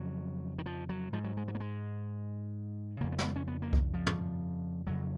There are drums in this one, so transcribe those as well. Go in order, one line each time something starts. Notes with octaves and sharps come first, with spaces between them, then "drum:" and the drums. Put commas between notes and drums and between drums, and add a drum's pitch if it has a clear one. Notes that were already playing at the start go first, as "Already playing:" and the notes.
Already playing: F2 C#3 F#3
D#3
F3
F#3
G#2 F3
F#3
G#3
F#3
A#3
G#3
F2 C#3 A#3
B3
A#3, drum: snare
B3
C#4
B3
A#3
drum: kick C2
F3
drum: tom
F2 C#3 F#3